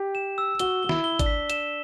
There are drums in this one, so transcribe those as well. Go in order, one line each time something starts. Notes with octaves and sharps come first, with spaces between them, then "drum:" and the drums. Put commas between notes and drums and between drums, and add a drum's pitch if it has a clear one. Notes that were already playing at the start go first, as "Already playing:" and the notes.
Already playing: G4
E7
E6
F#4 G7, drum: hi-hat
F#4 G7
E4, drum: snare
G7
D4, drum: kick G#1, hi-hat
B6
E7, drum: hi-hat